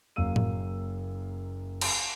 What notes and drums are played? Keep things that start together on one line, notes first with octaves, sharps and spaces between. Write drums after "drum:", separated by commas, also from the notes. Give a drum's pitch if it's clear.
F#1 F#2 A#3 F5 E6 D#7
drum: tom A2
drum: cymbal